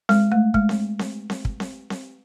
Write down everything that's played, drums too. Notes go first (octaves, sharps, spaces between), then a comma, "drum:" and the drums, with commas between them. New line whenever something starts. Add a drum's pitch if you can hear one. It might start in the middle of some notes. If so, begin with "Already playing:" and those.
G#3, drum: snare C4
A3
G#3, drum: kick
drum: snare C4
drum: snare C4
drum: snare C4
drum: kick
drum: snare C4
drum: snare C4